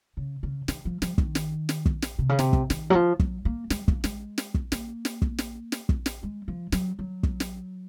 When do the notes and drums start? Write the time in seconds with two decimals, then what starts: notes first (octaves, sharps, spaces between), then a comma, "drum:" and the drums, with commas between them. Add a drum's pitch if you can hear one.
0.17 C#3
0.43 C#3
0.68 D#3, drum: snare
0.85 F3
1.02 F3, drum: snare
1.18 D#3, drum: kick
1.35 drum: snare
1.69 drum: snare
1.86 drum: kick
2.02 drum: snare
2.19 C3
2.29 C#3
2.39 C3, drum: snare
2.53 drum: kick
2.70 D#3, drum: snare
2.90 F#3
2.95 F3
3.19 F#3, drum: kick
3.45 A#3
3.70 G#3, drum: snare
3.88 A#3, drum: kick
4.04 G#3, drum: snare
4.38 drum: snare
4.54 drum: kick
4.72 A#3, drum: snare
5.05 drum: snare
5.22 drum: kick
5.38 drum: snare
5.72 drum: snare
5.89 drum: kick
6.06 drum: snare
6.23 G#3
6.48 F3
6.72 F#3, drum: snare
6.99 F#3
7.23 drum: kick
7.40 drum: snare